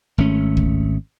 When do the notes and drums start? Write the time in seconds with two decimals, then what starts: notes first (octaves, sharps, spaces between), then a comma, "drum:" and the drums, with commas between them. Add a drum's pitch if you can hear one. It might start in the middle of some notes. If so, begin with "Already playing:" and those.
0.18 G#1 A3 C#4
0.57 drum: kick